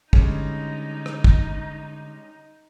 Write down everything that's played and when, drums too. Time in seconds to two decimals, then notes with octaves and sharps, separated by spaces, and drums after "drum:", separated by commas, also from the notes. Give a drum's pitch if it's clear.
0.13 D3 G3 G#3 C#4 D#4, drum: kick
1.06 drum: rim click
1.24 drum: kick